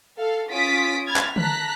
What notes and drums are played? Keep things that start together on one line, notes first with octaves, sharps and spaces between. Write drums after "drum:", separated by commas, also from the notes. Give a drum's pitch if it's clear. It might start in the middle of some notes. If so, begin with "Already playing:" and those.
A4 F5
C#4 F4 D#6 A6 B6 D7
B5 F6 G#6 A6
drum: clap
A5 A#5 F#6 B6, drum: tom D3